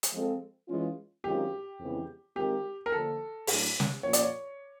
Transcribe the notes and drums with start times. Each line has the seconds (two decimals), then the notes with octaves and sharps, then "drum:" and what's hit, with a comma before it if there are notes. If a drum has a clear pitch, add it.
0.03 drum: hi-hat
0.12 F3 G#3 C4 F4 A4
0.68 E3 G#3 C#4 F4
1.24 F#2 D#3 G#3 C4 F4 G4
1.79 F2 C#3 E3 G#3 B3
2.36 D#3 G#3 C4 F4 G4 A#4
2.86 A#4
2.92 D3 F3 A#3 D4 A4
3.47 A2 F#3 A3 D4, drum: open hi-hat
3.80 drum: snare
4.03 A#2 F3 A#3 C#4 F4 C#5
4.13 D5, drum: hi-hat
4.23 C#5